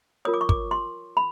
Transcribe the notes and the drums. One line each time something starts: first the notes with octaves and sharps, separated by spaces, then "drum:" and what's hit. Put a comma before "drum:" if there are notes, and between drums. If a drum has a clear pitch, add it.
F4 A#4 C#5 D#6
D6
C#6
D6, drum: kick
C6
B5